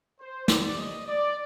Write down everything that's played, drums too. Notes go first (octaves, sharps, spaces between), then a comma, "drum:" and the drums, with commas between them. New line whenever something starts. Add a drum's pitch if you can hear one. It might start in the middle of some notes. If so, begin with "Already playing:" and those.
C5
C2 C3 D#3 G3 D5, drum: snare
D#5
D5